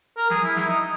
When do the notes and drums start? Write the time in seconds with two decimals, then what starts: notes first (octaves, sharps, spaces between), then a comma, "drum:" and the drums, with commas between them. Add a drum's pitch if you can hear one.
0.17 A#4
0.30 G#4, drum: snare
0.44 E4
0.56 E4, drum: snare
0.69 D#4